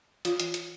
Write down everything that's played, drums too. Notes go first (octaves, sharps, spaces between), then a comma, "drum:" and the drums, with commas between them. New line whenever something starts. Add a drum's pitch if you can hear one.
E3 F4, drum: hi-hat
drum: hi-hat
drum: hi-hat